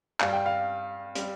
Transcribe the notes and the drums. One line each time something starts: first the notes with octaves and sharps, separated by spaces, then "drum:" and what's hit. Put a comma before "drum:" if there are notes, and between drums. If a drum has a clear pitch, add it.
G2 G3 F5, drum: clap
G5
F5
G3, drum: hi-hat